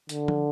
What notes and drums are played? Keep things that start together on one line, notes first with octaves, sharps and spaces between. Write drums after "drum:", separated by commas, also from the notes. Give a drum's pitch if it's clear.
D3, drum: hi-hat
drum: tom F3